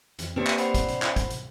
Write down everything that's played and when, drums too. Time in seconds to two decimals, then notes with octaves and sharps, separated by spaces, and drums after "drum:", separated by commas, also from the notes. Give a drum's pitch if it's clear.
0.19 F2, drum: hi-hat
0.36 A#3 C4 D4 G4 B4
0.47 drum: clap
0.58 C5 F#5 B5, drum: hi-hat
0.74 drum: kick, hi-hat
0.88 drum: hi-hat
1.02 drum: clap
1.16 drum: kick, hi-hat
1.30 drum: hi-hat